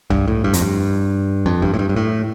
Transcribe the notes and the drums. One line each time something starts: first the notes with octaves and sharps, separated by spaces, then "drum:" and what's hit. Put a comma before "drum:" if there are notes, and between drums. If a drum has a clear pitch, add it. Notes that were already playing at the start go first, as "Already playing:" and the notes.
G2, drum: tom C2
A2
G2
F2, drum: hi-hat
G2
F2
G2, drum: kick
A2
G2
G2
A2